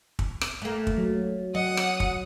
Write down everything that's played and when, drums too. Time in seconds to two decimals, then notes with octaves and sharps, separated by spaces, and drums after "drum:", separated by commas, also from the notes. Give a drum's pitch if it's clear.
0.19 drum: kick
0.41 drum: rim click
0.62 A3 A#3
0.87 drum: kick
0.98 F#3
1.55 F#3 D#5 F#5 D#6
1.77 drum: rim click
2.00 drum: kick